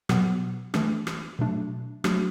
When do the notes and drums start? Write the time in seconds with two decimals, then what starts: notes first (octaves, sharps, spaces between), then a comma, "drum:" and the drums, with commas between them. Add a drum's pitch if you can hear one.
0.09 B2 F#3 B3, drum: rim click
0.74 E3 A3 D4, drum: rim click
1.07 drum: rim click
1.39 B2 F#3 A3 D4
2.04 F#3 A3 D4 F#4, drum: rim click